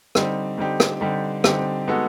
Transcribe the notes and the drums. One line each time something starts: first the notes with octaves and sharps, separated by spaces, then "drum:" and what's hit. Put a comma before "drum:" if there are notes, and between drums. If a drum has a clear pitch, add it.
D3 G3 C4 D#4 G4, drum: rim click
D3 G3 C4 D#4 G4
drum: rim click
D3 G3 C4 D#4 G4
D3 G3 C4 D#4 G4, drum: rim click
G#3 B3 D#4 F#4 A4